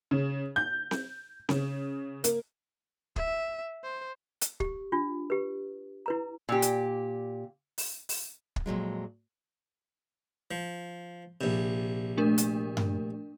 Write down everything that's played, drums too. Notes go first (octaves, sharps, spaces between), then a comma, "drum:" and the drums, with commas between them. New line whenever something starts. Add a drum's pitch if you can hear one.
C#3
G6
drum: snare C4
C#3, drum: snare C4
A#3, drum: hi-hat
E5, drum: kick
C5
drum: hi-hat
G4, drum: kick
D4 F4
G4 B4
E4 B4 A#5
A#2 G4
drum: hi-hat
drum: open hi-hat
drum: open hi-hat
drum: kick
F2 A#2 F#3 G#3
F3
A#1 C3
A3 D4 A#4
drum: hi-hat
drum: tom G2